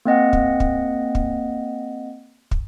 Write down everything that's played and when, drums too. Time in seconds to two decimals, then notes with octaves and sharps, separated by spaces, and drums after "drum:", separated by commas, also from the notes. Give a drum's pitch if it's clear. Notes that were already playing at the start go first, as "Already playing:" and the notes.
0.05 A#3 C4 D#5 F#5
0.33 drum: kick
0.60 drum: kick
1.15 drum: kick
2.51 drum: kick